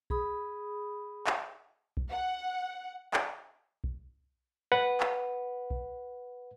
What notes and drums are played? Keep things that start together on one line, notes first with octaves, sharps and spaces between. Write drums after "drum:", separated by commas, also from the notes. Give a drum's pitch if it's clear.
G#4 B5 D#6, drum: kick B1
drum: clap
drum: kick B1
F#5
drum: clap
drum: kick B1
B4 F#5
drum: clap
drum: kick B1